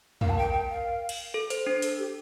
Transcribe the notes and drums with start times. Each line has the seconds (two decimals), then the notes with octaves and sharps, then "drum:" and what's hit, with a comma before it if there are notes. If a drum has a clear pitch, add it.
0.21 A#4 F5, drum: tom
0.30 A5
0.37 A#4 G5
0.53 A#4 G5
0.70 F5
1.09 drum: cymbal
1.34 A4
1.50 C5, drum: hi-hat
1.66 D4 C5
1.82 A4, drum: hi-hat
1.99 G4